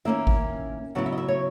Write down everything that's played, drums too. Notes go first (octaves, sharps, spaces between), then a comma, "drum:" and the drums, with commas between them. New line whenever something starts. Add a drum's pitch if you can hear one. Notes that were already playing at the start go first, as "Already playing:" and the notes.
D#3 A#3 C#4 E4 E5
drum: kick G#1
C#3 F#3 B3 E4 F#5
E5
D#5
E5
C#5